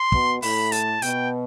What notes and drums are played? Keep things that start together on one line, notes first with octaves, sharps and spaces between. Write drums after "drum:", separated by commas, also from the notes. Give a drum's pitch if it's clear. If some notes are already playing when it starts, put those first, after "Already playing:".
Already playing: C6
B2, drum: kick
A2 B5, drum: open hi-hat
A5, drum: hi-hat
B2 G5, drum: hi-hat